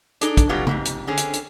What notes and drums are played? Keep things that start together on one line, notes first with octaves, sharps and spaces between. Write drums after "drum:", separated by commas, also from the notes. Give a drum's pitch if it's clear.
D4 D#4 G#4 A4, drum: hi-hat
drum: kick, hi-hat
C3 F#3 G3 B3 F4 G#4
F2 G#2 C3, drum: tom C#3
drum: hi-hat
D3 C4 C#4 G#4
drum: hi-hat
drum: hi-hat